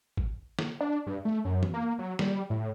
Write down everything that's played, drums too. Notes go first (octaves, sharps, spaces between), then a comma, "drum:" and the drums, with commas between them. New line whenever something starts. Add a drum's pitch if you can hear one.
drum: kick G#1
drum: snare
D4
G2
A3
F#2
drum: tom
A#3
F#3
G3, drum: snare
A2